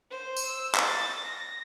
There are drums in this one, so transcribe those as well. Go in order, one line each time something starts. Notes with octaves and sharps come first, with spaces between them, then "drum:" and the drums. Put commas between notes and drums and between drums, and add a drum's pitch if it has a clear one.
C5
drum: tambourine
E6
drum: clap
A6
A#6